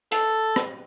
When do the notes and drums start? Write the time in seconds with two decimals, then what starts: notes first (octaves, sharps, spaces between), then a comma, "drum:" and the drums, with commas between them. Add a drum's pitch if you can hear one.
0.12 A4, drum: hi-hat
0.56 drum: rim click